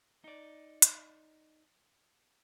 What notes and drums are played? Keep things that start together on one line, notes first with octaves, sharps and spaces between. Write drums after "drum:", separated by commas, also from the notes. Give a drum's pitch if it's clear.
D#4 D5
drum: hi-hat